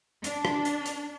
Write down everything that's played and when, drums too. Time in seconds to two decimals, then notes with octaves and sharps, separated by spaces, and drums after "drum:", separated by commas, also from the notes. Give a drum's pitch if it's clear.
0.24 D4, drum: hi-hat
0.45 drum: rim click
0.65 drum: hi-hat
0.86 drum: hi-hat